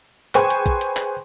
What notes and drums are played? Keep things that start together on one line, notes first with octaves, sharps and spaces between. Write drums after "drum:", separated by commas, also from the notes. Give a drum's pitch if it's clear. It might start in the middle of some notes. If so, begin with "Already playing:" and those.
G#4 B4 C5 G5 G#5 C#6, drum: clap
drum: hi-hat
drum: kick, hi-hat
drum: hi-hat
drum: clap